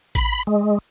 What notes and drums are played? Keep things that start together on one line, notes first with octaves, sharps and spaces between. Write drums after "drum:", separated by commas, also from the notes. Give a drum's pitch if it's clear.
B5, drum: kick A1, hi-hat
G#3